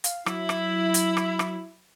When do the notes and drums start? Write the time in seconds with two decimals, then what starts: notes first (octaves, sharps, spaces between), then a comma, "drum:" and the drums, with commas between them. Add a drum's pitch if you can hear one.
0.04 F5, drum: hi-hat
0.26 F#3 E4, drum: rim click
0.49 drum: rim click
0.94 drum: hi-hat
1.17 drum: rim click
1.39 drum: rim click